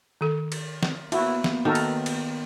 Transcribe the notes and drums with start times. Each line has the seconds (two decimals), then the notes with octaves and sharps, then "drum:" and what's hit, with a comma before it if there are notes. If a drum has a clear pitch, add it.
0.21 D#3 A4
0.52 drum: cymbal
0.83 drum: snare
1.12 A#3 B3 E4 F#4, drum: cymbal
1.44 drum: snare
1.65 D#3 F#4 A4 A#4
1.75 drum: cymbal
2.06 drum: cymbal